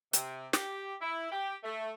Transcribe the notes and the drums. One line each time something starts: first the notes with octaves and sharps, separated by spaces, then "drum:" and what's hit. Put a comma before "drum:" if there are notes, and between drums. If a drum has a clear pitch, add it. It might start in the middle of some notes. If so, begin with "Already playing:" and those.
C3, drum: hi-hat
G4, drum: snare
E4
G4
A3